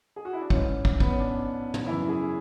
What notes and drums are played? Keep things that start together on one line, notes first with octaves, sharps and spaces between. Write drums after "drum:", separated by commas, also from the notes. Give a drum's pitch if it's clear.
G#4
F#4
E4
D4
G#2 E3 C#4, drum: kick
drum: kick
B3, drum: kick
C#4
D4
drum: tom
F#2 C#3 E3 E4
G#4